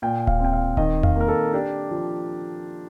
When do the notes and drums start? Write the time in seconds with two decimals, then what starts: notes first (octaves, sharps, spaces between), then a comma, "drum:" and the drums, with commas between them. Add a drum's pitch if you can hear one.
0.02 A#2 G5
0.27 F5, drum: kick D1
0.40 C4 G5
0.53 F5
0.77 D#3 D#5, drum: kick D1
1.03 F5, drum: tom E2
1.16 A#3 A#4
1.28 A4
1.53 D4 G4
1.91 F3